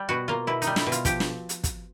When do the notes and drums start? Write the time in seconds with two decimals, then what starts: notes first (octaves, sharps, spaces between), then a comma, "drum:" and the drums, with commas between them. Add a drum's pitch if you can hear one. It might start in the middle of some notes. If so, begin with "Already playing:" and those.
Already playing: G3
0.09 B2 F#4
0.28 A#3 F4
0.47 B2 E4
0.62 D#4, drum: hi-hat
0.67 G3
0.76 E4, drum: snare
0.87 B2
0.92 F4, drum: hi-hat
1.05 F3 G4, drum: kick, hi-hat
1.20 drum: snare
1.49 drum: hi-hat
1.64 drum: kick, hi-hat